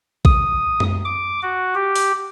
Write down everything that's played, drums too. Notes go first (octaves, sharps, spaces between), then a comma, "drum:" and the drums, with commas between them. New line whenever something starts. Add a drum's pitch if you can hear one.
D#6, drum: kick A#1
drum: tom F#2
D6
F#4
G4
drum: open hi-hat